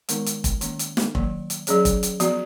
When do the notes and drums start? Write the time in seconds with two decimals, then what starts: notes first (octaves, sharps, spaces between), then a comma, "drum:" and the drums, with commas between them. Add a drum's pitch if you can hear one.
0.09 D#3 G#3 B3 D#4 A#4, drum: hi-hat
0.26 drum: hi-hat
0.44 drum: kick, hi-hat
0.61 D#3 A#3 C#4, drum: hi-hat
0.79 drum: hi-hat
0.97 drum: snare
1.15 D#3 F#3 A#3, drum: kick
1.50 drum: hi-hat
1.67 F#3 C#4 G#4 C#5, drum: hi-hat
1.85 drum: kick, hi-hat
2.03 drum: hi-hat
2.20 F3 B3 F#4, drum: hi-hat